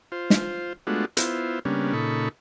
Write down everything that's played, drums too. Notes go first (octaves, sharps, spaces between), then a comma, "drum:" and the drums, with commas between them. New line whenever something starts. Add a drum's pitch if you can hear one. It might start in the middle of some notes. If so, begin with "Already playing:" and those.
F4 C5
drum: snare
G#3 A3 B3 D4 F4 F#4
B3 E4 F4 C5, drum: hi-hat
C#3 G3 A#3 B3 C#4 D4
A#2 C#3 D#4 A4 B5 C#6